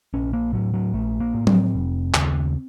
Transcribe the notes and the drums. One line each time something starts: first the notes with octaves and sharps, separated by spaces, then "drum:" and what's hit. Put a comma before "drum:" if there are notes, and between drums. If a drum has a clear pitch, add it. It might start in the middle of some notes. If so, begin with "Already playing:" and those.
A#1 C#4
A#3
A2 F#3
F#3
A#1 A3
A#3
A2
C4, drum: tom F#3
F1
D#2 C#3, drum: clap